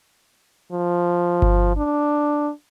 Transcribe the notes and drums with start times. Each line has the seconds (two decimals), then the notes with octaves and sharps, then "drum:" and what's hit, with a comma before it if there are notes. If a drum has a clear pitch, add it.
0.72 F3
1.42 drum: kick G1
1.77 D4